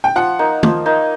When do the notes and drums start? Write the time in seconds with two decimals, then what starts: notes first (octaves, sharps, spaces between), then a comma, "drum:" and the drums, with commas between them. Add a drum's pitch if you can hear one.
0.04 G5
0.15 F3 F#5
0.39 A#3 D#4
0.63 F3, drum: tom
0.86 A#3 D#4